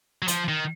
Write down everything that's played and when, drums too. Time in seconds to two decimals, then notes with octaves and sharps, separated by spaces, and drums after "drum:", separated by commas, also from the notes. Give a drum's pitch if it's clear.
0.22 F#3
0.28 F3, drum: hi-hat
0.48 D#3